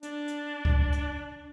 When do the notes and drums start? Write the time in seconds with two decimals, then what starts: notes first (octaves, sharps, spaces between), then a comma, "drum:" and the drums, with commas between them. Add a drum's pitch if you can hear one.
0.03 D4, drum: hi-hat
0.28 drum: hi-hat
0.65 drum: kick C#2
0.92 drum: hi-hat